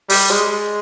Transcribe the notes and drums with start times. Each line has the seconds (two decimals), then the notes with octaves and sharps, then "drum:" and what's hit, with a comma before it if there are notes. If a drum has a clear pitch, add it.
0.10 G3, drum: open hi-hat
0.30 G#3